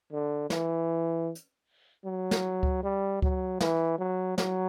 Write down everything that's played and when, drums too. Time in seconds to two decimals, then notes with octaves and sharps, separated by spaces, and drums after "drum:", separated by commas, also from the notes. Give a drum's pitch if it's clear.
0.12 D3
0.50 E3, drum: snare
1.35 drum: hi-hat
2.05 F#3
2.31 drum: snare
2.63 drum: kick C#2
2.83 G3
3.22 F#3, drum: kick C#2
3.60 E3, drum: snare
3.99 F#3
4.38 F#3, drum: snare